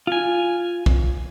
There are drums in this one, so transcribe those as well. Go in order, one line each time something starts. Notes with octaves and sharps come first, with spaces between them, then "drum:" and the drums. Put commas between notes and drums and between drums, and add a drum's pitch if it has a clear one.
F4 G#5
drum: kick